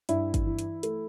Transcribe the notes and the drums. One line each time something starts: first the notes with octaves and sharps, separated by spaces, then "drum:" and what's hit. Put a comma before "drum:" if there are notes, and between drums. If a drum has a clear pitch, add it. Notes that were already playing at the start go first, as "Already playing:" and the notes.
G2 E4, drum: hi-hat
drum: kick, hi-hat
E3
drum: hi-hat
A3, drum: hi-hat